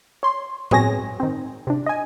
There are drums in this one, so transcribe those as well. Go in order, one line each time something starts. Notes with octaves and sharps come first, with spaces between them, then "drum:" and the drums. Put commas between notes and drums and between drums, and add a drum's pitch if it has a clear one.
C#5 C6
B2 C4 G#4 C#5 G#5 A#6, drum: tom A2
D#3 C4
C3 D4
D#5 G#5